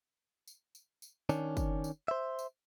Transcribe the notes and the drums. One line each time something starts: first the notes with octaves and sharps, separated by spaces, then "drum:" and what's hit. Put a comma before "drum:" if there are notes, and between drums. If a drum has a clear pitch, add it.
drum: tambourine
drum: tambourine
drum: tambourine
D#3 C#4 D4, drum: tambourine
drum: kick, tambourine
drum: tambourine
C5 E5
drum: tambourine